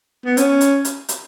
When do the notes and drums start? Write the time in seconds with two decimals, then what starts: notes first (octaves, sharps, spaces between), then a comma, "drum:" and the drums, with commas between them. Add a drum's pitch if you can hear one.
0.25 B3
0.37 C#4, drum: hi-hat
0.61 drum: hi-hat
0.85 drum: hi-hat
1.09 drum: hi-hat